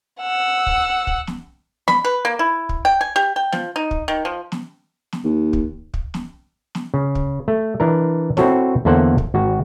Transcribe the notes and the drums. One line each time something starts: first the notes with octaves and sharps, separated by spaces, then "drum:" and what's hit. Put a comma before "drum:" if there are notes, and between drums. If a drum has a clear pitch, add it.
F#5 E6
drum: kick
drum: kick
drum: snare
B5, drum: snare
B4
A#3
E4
drum: kick
G5
G#5
G4
G5
F3, drum: snare
D#4
drum: kick
D#3
F3
drum: snare
drum: snare
D#2
drum: kick
drum: kick
drum: snare
drum: snare
C#3
drum: kick
A3
E3 D4 A#4
C4 E4 F#4 A4 C#5, drum: snare
E2 D3 A#3 A4 C5 F#5
drum: kick
G#1 F#4